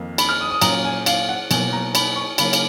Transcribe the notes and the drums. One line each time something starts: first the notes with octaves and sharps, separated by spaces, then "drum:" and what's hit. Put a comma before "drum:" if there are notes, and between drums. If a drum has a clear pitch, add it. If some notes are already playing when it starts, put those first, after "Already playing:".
Already playing: F2 D#3 A#3 D#4
B5, drum: cymbal
F6
D#6
D#6
A#2 F#3 C#4 A#5, drum: cymbal
G#5
F5, drum: cymbal
F#5
B2 F#3 A#3 G#5, drum: cymbal
A#5
B5, drum: cymbal
C#6
C#3 F#3 A#3 C#4 B5, drum: cymbal
drum: cymbal